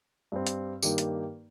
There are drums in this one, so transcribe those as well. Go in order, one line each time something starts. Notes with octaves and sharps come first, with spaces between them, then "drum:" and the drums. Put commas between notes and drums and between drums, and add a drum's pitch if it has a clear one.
G2 G3 C4
drum: hi-hat
G2 D#3 A#3 D#4 G4, drum: tambourine
drum: hi-hat